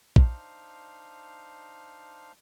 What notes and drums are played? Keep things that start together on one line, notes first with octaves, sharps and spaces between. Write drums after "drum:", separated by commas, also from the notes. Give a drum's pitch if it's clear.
D4 D#4 C5 F5, drum: kick